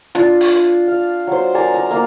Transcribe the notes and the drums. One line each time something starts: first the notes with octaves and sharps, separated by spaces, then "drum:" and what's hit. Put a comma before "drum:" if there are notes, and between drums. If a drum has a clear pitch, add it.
D4 F4, drum: hi-hat
drum: open hi-hat
F5
F#3 C5
A#4 D5 G#5 A#5
A#5
A#3 F5